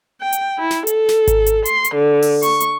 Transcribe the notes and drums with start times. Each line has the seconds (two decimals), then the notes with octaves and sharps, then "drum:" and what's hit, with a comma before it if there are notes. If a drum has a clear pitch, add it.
0.22 G5
0.33 drum: hi-hat
0.58 E4
0.71 drum: snare
0.87 A4, drum: hi-hat
1.09 drum: snare
1.27 drum: kick G#1, hi-hat
1.46 drum: hi-hat
1.65 C6, drum: hi-hat
1.84 drum: hi-hat
1.95 D3
2.22 drum: open hi-hat
2.43 C#6, drum: hi-hat
2.60 drum: hi-hat